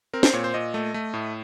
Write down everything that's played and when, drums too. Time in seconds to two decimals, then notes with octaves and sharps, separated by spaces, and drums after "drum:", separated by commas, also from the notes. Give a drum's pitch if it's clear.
0.14 C4 A#4
0.23 C5, drum: snare
0.34 A#2 C#5
0.44 C5
0.54 A#2 D#5
0.74 A3
0.94 A3
1.14 A2